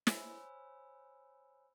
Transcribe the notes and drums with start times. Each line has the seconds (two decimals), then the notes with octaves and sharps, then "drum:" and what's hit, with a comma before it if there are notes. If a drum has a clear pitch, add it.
0.07 C5 C#5 G#5 B5 E6, drum: snare